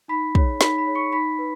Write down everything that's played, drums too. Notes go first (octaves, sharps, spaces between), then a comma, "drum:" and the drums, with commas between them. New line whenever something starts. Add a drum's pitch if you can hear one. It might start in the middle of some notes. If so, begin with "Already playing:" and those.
D#4 B5 B6
G#4 C#5, drum: kick
D#4 B5 B6, drum: snare
B5 B6
G#4 C#5
C#6 C#7
D#4 B5 B6
B4